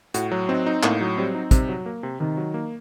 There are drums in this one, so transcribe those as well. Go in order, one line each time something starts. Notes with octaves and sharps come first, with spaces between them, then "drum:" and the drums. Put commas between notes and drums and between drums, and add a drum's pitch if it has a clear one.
A2 F#4, drum: hi-hat
F#3
C4 D#4
D#4
A2 A#3, drum: clap
F#3
G3 C4
D#4
C3 G3, drum: kick, hi-hat
F#3
A#3
C3
C3 D#3
F#3
A#3